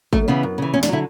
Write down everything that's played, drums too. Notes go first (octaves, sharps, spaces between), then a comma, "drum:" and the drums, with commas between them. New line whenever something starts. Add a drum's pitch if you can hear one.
F#2 A3, drum: kick G#1
C#3 E3 B3
F#2
C#3 E3
E2 C#4
D4, drum: snare
D3 F#3 E4